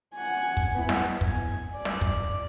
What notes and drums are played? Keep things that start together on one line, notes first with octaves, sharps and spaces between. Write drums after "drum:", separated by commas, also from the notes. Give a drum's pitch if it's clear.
F#5 G#5
drum: kick
B3 E4
drum: snare
G#5, drum: kick
D5
drum: snare
drum: kick